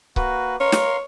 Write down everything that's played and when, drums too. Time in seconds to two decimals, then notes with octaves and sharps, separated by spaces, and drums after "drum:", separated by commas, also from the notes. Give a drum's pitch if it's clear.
0.16 A#3 F#4 B4, drum: kick C#1
0.60 A#4 C#5 F5 C6
0.72 drum: snare